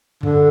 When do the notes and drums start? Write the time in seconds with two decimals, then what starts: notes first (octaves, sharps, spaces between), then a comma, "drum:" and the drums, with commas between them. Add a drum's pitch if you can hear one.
0.23 D3, drum: tom F#2